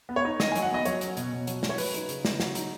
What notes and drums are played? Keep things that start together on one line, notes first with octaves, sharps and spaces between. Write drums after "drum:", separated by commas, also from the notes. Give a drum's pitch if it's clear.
B3
C#5
D#4
D#3 D#5, drum: snare
G#5
F#3, drum: hi-hat
F#5
B3 D#5
F#3 C#5, drum: hi-hat
C#4, drum: hi-hat
B2, drum: hi-hat
B2
F#3, drum: hi-hat
C#4, drum: snare
C#5
F#3 B4, drum: open hi-hat
D#4, drum: hi-hat
C#3, drum: hi-hat
C#3, drum: snare
F#3, drum: snare
D#4, drum: hi-hat